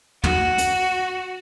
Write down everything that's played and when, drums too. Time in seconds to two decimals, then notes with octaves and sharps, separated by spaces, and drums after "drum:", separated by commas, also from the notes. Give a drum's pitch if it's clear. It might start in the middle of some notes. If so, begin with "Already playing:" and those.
0.24 F#4, drum: tom
0.58 drum: hi-hat